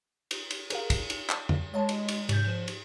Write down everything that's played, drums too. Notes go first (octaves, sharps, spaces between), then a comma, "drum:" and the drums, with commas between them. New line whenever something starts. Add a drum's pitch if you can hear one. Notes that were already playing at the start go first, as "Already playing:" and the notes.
drum: cymbal
drum: cymbal
G#4 A#4 F5, drum: cymbal
drum: kick, cymbal
drum: cymbal
drum: clap
drum: tom F2
G#3 C#5 D#5 A5
drum: cymbal
drum: cymbal
G#2 C3 G6, drum: cymbal
F3 E7
drum: cymbal